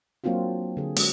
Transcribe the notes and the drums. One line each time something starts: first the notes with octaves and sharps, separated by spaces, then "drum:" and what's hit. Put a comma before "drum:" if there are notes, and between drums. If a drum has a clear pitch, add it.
F#3 A#3 C4 D4 F4 F#4
D3 G#4
G#3 C#4 F#4, drum: open hi-hat